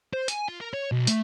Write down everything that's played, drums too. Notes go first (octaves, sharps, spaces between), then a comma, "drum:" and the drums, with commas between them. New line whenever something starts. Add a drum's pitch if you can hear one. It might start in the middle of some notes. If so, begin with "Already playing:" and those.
C5
G#5, drum: hi-hat
F4
A#4
C#5
B1
A3, drum: hi-hat